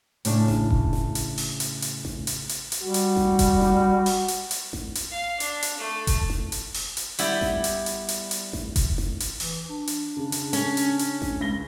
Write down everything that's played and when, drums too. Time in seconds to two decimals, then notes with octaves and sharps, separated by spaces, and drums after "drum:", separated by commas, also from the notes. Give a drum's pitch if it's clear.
0.25 A2 C#3 D4, drum: hi-hat
0.48 drum: snare A1
0.70 drum: kick F1
0.93 drum: snare A1
1.15 drum: hi-hat
1.38 drum: open hi-hat
1.60 drum: hi-hat
1.82 drum: hi-hat
2.05 drum: snare A1
2.27 drum: hi-hat
2.49 drum: hi-hat
2.72 drum: hi-hat
2.82 G3 F#4
2.94 drum: hi-hat
3.16 drum: snare A1
3.39 drum: kick F1, hi-hat
3.61 drum: snare A1
4.06 drum: open hi-hat
4.28 drum: hi-hat
4.51 drum: hi-hat
4.73 drum: snare A1
4.95 drum: hi-hat
5.12 F5
5.40 D4, drum: hi-hat
5.63 drum: hi-hat
5.77 A3
6.07 drum: kick F1, hi-hat
6.30 drum: snare A1
6.52 drum: hi-hat
6.74 drum: open hi-hat
6.97 drum: hi-hat
7.19 G3 B3 E4 D5 G5, drum: hi-hat
7.41 drum: snare A1
7.64 drum: hi-hat
7.86 drum: hi-hat
8.09 drum: hi-hat
8.31 drum: hi-hat
8.53 drum: snare A1
8.76 drum: kick F1, hi-hat
8.98 drum: snare A1
9.20 drum: hi-hat
9.40 E3, drum: open hi-hat
9.69 D4
9.87 drum: hi-hat
10.17 C#3
10.32 drum: hi-hat
10.53 C#4, drum: hi-hat
10.77 drum: hi-hat
10.99 drum: hi-hat
11.22 drum: snare A1
11.40 C#2 A#6 G7